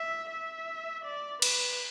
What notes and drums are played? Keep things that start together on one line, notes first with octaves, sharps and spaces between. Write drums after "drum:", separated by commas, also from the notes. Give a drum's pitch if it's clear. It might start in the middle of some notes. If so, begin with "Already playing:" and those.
Already playing: E5
E5
D5
B4, drum: cymbal